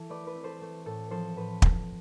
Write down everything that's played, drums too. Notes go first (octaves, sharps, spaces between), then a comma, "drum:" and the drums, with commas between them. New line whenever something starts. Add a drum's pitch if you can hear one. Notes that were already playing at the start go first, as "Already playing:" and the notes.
Already playing: E3 A4
A3 B4 D5
B4
C4
A4 C5
A3
A2 A4
F3 A4 C5
A2 B4
drum: kick